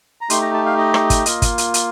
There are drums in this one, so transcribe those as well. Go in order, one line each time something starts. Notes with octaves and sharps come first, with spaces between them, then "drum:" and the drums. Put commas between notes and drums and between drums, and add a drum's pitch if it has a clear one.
A#5
A3 D#4 G4 C6, drum: hi-hat
A#5
A5
F5
D#5
drum: rim click
drum: kick, hi-hat
A#3 F4, drum: hi-hat
drum: kick, hi-hat
drum: hi-hat
drum: hi-hat